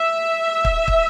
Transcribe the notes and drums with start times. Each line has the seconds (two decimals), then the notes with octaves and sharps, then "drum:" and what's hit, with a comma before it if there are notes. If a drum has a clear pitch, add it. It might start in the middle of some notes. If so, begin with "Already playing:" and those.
Already playing: E5
0.65 drum: kick
0.88 drum: kick